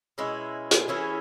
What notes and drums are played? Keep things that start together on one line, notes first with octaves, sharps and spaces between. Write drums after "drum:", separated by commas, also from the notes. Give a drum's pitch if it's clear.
B2 G#3 C#4 E4
drum: hi-hat
E3 C#4 E4 G#4